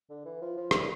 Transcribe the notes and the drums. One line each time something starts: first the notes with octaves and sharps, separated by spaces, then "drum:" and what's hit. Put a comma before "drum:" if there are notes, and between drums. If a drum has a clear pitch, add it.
D3
E3
F3
F3
G3, drum: rim click